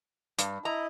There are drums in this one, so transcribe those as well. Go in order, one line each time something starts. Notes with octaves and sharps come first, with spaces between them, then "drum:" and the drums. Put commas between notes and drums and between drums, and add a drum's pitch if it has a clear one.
G2, drum: hi-hat
E4 D#5 A#5